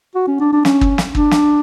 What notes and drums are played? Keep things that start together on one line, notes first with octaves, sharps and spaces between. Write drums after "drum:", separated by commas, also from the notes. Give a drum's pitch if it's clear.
F#4
C#4
D4
D4
C#4, drum: snare
drum: kick
drum: snare
D4, drum: kick
drum: snare